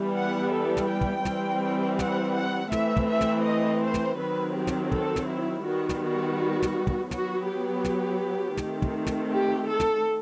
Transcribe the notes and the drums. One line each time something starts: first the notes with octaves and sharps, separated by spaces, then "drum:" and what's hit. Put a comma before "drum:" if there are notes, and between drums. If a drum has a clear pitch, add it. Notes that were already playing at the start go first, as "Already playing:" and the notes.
Already playing: E3 G3 B3
F#5
A4
drum: snare
G5
drum: kick
E3 G3 C4, drum: snare
F#5, drum: snare
F#5
E3 A3 C4 E5, drum: snare
drum: kick
E5
drum: snare
D#5
C5
drum: snare
D#3 F#3 C4 B4
G4
drum: snare
A4, drum: kick
drum: snare
E4
D#3 G3 B3 F#4
drum: snare
F#4
drum: snare
drum: kick
F#3 B3 F#4, drum: snare
G4
drum: snare
D#3 A3 C4, drum: snare
drum: kick
drum: snare
G4
A4
drum: snare